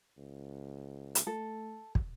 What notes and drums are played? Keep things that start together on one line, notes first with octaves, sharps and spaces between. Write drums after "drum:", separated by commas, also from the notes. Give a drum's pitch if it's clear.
C#2
drum: hi-hat
A3 A4
drum: kick